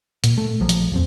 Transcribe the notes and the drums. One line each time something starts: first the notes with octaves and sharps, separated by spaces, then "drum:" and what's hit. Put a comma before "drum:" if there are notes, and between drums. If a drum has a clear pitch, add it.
A#2, drum: hi-hat
A3
A#1 F3 F#3
drum: hi-hat
D#1 F2 C4